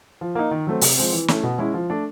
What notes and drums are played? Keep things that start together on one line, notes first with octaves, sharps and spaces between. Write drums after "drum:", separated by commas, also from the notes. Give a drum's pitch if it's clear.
F3
A#3 D#4
D#3
F#3 A3 C4
C3, drum: open hi-hat
F3 G#3 C4
E3
A3 C#4 E4, drum: snare
B2
G#3 C#4 E4
F3
A3 D4